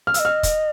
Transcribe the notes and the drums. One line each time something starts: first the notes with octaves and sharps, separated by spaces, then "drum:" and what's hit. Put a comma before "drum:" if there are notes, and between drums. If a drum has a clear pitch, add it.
F6
F5 E6, drum: hi-hat
D#5
F6
drum: kick, hi-hat